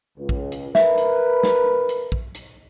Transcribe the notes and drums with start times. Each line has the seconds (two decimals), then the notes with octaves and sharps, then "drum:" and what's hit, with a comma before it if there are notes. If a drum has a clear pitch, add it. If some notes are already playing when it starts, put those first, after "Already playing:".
0.18 C#2
0.29 drum: kick
0.52 drum: hi-hat
0.75 A#4 B4 E5, drum: snare
0.98 drum: hi-hat
1.43 drum: snare
1.89 drum: hi-hat
2.12 drum: kick
2.35 drum: hi-hat